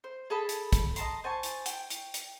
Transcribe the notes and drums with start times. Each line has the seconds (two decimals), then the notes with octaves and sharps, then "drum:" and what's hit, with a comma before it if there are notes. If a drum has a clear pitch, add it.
0.04 C5
0.30 G#4 A4 A5 B5
0.49 drum: hi-hat
0.73 drum: kick, hi-hat
0.96 D#5 A5 A#5 C6, drum: hi-hat
1.24 C5 G#5 A5 C#6
1.43 drum: hi-hat
1.66 G5 C#6, drum: hi-hat
1.90 drum: hi-hat
2.14 drum: hi-hat